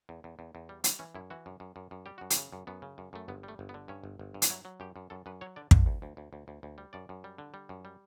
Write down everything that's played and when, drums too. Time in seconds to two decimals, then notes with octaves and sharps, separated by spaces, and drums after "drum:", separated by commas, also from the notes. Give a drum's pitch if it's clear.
0.09 E2
0.24 E2
0.39 E2
0.55 E2
0.69 G3
0.84 G3 B3, drum: hi-hat
0.99 E3 C#4
1.15 F#2 E4
1.30 E3 F#4
1.46 F#2
1.60 F#2
1.76 F#2
1.91 F#2
2.06 G3 G4
2.18 F#2 F#4
2.30 G4, drum: hi-hat
2.36 C#3
2.53 F#2
2.67 F#2 B3
2.82 C#3
2.98 F#2
3.13 F#2 A3
3.28 G1 B3
3.43 G3
3.48 A3
3.59 G1
3.69 B3
3.74 D3
3.88 G2 C#4
4.04 G1
4.19 G1
4.34 G2
4.42 D4, drum: hi-hat
4.50 F#3 E4
4.65 F#3
4.80 F#2 G4
4.96 F#2
5.10 F#2 A4
5.26 F#2 B4
5.41 F#3 C#5
5.56 D3 D5
5.71 D3 E5, drum: kick
5.86 D2
6.02 D2
6.17 D2
6.33 D2
6.48 D2
6.63 D2
6.78 G3
6.93 F#2 D5
7.09 F#2
7.24 G3
7.38 D3
7.54 G3
7.69 F#2
7.85 G3